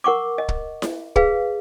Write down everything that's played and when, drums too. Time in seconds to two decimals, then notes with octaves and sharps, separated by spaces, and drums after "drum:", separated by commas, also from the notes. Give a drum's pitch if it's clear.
0.04 A#4 F#5 C#6 D6
0.38 D#5
0.48 drum: kick
0.82 drum: snare E4
1.16 G#4 B4 F5, drum: kick